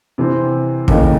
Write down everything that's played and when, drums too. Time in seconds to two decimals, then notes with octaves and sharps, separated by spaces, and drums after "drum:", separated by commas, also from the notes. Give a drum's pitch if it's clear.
0.18 C3 E3 C4
0.88 D#2 C#3 E3 A3 D#4, drum: kick